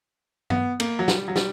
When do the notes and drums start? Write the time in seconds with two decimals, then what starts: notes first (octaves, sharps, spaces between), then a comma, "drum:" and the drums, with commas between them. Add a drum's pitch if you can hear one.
0.50 B3, drum: tom G2
0.80 A#3, drum: cymbal
0.99 F#3
1.08 G3, drum: snare
1.28 F#3
1.36 G3, drum: snare